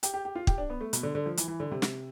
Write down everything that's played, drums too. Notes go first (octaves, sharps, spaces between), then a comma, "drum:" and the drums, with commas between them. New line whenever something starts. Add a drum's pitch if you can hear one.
G4, drum: hi-hat
G4
G4
F4
G4, drum: kick
D4
B3
A3
B2, drum: hi-hat
D3
D3
F3
E3, drum: hi-hat
E3
D3
C3
drum: snare